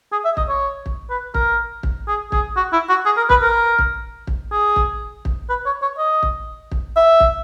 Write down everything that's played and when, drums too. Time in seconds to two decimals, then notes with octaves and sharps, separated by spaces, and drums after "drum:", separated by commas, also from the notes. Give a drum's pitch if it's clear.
0.12 G#4
0.25 E5
0.37 D#5, drum: kick
0.49 C#5
0.86 drum: kick
1.10 B4
1.34 A#4, drum: kick
1.83 drum: kick
2.08 G#4
2.32 G#4, drum: kick
2.57 F#4
2.73 E4
2.89 F#4
3.06 G#4
3.17 A#4
3.30 B4, drum: kick
3.42 A#4
3.79 drum: kick
4.27 drum: kick
4.51 G#4
4.76 drum: kick
5.25 drum: kick
5.49 B4
5.66 C#5
5.82 C#5
5.98 D#5
6.23 drum: kick
6.72 drum: kick
6.96 E5
7.20 drum: kick